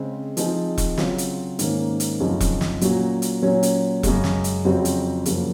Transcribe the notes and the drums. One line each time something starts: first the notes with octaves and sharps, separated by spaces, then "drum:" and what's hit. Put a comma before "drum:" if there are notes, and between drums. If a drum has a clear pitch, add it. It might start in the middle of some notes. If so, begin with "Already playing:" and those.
Already playing: C#3 G#3 C4
F3 C4 D#4 G#4, drum: hi-hat
drum: kick E1, hi-hat
C#3 F#3 C4 F4, drum: snare
drum: hi-hat
G#2 D#3 A#3 C#4, drum: hi-hat
drum: hi-hat
F#2 C#3 F3 C4 D#4
drum: kick E1, hi-hat
drum: snare
A#2 F#3 C#4 F#4, drum: hi-hat
drum: hi-hat
A#2 F#3 C#4
drum: hi-hat
F#2 C#3 G#3, drum: kick E1, hi-hat
drum: snare
drum: hi-hat
F2 C#3 F#3 C4 F#4
drum: hi-hat
F#2 C#3 F3 A#3, drum: hi-hat